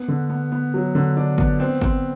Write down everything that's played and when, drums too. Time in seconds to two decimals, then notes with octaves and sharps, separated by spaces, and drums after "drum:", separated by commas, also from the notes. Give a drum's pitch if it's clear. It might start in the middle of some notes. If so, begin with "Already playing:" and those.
Already playing: B3
0.08 D3
0.29 B3
0.52 B3
0.74 F#3
0.95 D3
1.17 D4
1.38 B3, drum: kick G#1
1.60 C4
1.81 C4, drum: kick G#1